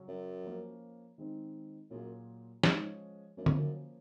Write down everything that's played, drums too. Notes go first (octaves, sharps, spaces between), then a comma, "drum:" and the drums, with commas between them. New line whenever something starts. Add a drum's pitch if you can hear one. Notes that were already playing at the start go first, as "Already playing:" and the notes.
Already playing: C#3 F#3 C#4
F#2
F3 A#3 C#4
D#3 G#3 C4 D#4
F#2 A#2 F#3 A#3 F4 G#4
G#2 F3 G#3 C#4 G#4, drum: snare
F#2 F3 A#3 C#4
F2, drum: tom D3
F#2